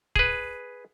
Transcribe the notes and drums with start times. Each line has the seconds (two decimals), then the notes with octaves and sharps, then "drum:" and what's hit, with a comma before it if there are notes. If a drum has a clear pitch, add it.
0.16 G#4 B4, drum: kick